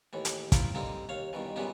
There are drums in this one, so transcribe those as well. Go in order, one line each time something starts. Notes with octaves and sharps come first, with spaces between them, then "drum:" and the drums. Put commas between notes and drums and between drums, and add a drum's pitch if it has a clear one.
D#2 A2 E3
drum: hi-hat
E4 F4 A#4 G5, drum: kick, hi-hat
D3 G3 A#3 C4 D#4
D#2 C#5 F5
G2 B2 D#3 E3
F#2 A#2 C#3 G3 B3 D#4